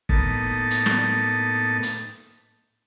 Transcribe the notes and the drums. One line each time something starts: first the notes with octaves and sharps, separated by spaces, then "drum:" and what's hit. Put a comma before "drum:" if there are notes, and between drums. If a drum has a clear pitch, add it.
A2 A#3 B3 D#4 A4 A5, drum: kick
drum: hi-hat
drum: snare
drum: hi-hat